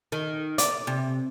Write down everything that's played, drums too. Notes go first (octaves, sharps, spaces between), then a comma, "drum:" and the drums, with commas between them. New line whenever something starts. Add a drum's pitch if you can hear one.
D#3
D5, drum: hi-hat
C3